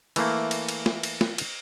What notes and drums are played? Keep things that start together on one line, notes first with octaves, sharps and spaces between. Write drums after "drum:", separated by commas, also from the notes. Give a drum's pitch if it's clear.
E3 A3 A#3, drum: cymbal
drum: cymbal
drum: cymbal
drum: snare
drum: cymbal
drum: snare
drum: cymbal